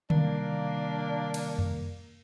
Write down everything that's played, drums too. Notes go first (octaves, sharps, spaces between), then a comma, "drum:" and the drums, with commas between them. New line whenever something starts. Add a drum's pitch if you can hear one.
C3 D#3 G3 A#3 D4, drum: tom D3
drum: cymbal
drum: tom F2